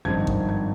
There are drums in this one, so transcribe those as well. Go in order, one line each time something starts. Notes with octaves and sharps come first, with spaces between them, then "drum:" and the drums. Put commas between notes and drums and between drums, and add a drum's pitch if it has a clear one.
G#1 G2 F3 C4 D#4 G#6
drum: kick G#1
G#6